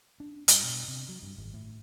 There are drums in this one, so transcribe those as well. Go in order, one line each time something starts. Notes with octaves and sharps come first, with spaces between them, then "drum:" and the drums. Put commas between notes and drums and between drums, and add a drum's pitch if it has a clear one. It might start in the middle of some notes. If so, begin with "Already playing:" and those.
D4
G2, drum: hi-hat
B2
C3
F#3
G2
G#1
A2